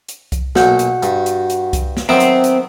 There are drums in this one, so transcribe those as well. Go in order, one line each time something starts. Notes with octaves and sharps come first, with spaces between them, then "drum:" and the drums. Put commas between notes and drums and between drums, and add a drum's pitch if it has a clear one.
drum: hi-hat
drum: kick C2, hi-hat
B1 A#2 F#4 F#5 G6, drum: snare
drum: hi-hat
G2, drum: hi-hat
drum: hi-hat
drum: hi-hat
drum: kick C2, hi-hat
drum: snare
D#3 F#3 B3 C4 E5
drum: hi-hat
drum: hi-hat